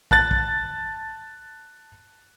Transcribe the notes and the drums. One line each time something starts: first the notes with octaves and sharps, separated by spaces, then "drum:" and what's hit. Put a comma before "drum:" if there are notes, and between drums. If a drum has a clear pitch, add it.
A5 F#6 A6, drum: kick
drum: kick